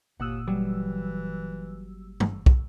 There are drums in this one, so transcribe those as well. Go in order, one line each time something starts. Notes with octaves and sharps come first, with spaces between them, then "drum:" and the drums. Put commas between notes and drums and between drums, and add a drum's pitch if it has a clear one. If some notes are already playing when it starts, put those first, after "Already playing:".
G1 D#2 A#2 F#5 D#6 E6 F#6
E3 F#3 G3
drum: tom G2
drum: kick